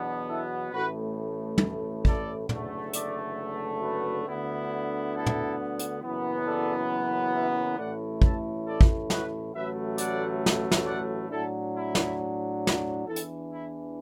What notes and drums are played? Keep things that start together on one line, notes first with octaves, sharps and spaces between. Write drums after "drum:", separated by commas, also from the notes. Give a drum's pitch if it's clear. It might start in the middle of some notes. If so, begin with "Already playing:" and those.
Already playing: E2 B2 F#3 B3 D4
E4 A4
A1 A2 A3 F#4 B4
drum: tom
A4 D5, drum: kick
F#1 E2 D3 A3, drum: tom
A4 D5, drum: hi-hat
F#4 B4
D2 D3 B3 E4
E4 A4
drum: tom
drum: hi-hat
F#1 F#2 E3 B3
A4 D5
B4 E5
A1 A2 A3 E4 D5 F#5
E5 A5, drum: kick
A4 D5
drum: kick
F#4 B4, drum: snare
A1 A2 F#3 A3 B4 E5
D5 F#5, drum: hi-hat
drum: snare
drum: snare
D5 F#5
A2 F#3 D4 E4 A4
E4
drum: snare
drum: snare
E2 E3 D4 E4 A4
drum: hi-hat
E4